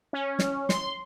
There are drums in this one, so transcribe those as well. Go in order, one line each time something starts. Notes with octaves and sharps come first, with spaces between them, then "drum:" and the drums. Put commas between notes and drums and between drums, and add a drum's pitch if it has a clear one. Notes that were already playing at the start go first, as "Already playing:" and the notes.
C#4
drum: snare
C6, drum: snare